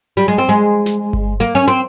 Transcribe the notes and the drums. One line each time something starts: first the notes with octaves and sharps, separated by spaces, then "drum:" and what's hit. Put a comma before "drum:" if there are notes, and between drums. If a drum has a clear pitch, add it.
G3
G#3
C4
G#3
drum: snare
drum: kick G1
A#3
C#4
C4